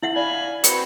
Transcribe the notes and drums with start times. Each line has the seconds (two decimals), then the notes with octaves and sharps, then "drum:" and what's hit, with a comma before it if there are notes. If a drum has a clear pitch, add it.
0.03 E4 E5 F#5 F#7
0.16 D5 F5 G#5 B5
0.64 C4 F#4 B4 C#7, drum: hi-hat